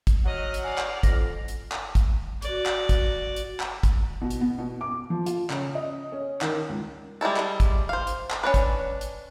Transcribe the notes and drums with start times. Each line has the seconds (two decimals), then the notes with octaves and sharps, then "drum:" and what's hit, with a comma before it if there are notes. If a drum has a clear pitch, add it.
0.07 drum: kick, hi-hat
0.26 F#3 D#5 F#5 F6
0.54 drum: hi-hat
0.64 D5 F5 G#5
0.78 drum: clap
1.03 F2 A#6, drum: kick, hi-hat
1.48 drum: hi-hat
1.72 drum: clap
1.95 drum: kick, hi-hat
2.42 F#4 D5, drum: hi-hat
2.66 drum: clap
2.89 drum: kick, hi-hat
3.36 drum: hi-hat
3.60 drum: clap
3.83 drum: kick, hi-hat
4.21 B2
4.31 drum: hi-hat
4.41 B3
4.59 B2
4.81 D6
5.10 F3
5.26 F4, drum: hi-hat
5.50 C#3, drum: clap
5.75 D#5
6.12 C#4
6.41 D#3, drum: clap
6.69 C#2
7.21 G3 G#3 E4 A4
7.36 drum: clap
7.60 drum: kick, hi-hat
7.89 C5 F5
8.07 drum: hi-hat
8.31 drum: clap
8.43 C#4 D4 B4
8.54 drum: kick, hi-hat
9.01 drum: hi-hat